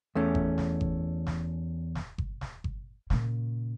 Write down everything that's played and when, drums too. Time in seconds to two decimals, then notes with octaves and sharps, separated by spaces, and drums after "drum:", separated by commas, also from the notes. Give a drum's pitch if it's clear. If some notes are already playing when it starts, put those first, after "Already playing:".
0.15 E2 A3 C#4
0.35 drum: kick G1
0.58 drum: snare
0.81 drum: kick G1
1.27 drum: snare
1.95 drum: snare
2.18 drum: kick G1
2.41 drum: snare
2.64 drum: kick G1
3.10 A#2 C#3, drum: snare